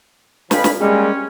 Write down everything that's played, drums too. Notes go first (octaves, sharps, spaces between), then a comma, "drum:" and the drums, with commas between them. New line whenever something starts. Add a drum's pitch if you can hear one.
F2 F3 B4 G#5 B5, drum: snare
drum: snare
G3 G#3 A#3 C#4